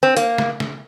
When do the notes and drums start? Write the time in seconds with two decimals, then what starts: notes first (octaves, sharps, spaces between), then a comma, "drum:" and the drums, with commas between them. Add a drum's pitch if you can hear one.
0.03 C4
0.17 A#3, drum: hi-hat
0.38 drum: snare
0.60 drum: snare